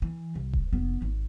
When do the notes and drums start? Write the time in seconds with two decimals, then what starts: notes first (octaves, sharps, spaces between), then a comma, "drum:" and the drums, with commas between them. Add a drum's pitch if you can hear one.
0.02 E3
0.35 C2
0.53 drum: kick D#1
0.73 F1 B3
1.02 G#1